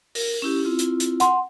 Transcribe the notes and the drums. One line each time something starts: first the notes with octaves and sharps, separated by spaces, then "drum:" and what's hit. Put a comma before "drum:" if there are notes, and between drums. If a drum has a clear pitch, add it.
A#4, drum: open hi-hat
C#4 E4 G4
C4 E4 F4
drum: hi-hat
drum: hi-hat
F#5 C6, drum: hi-hat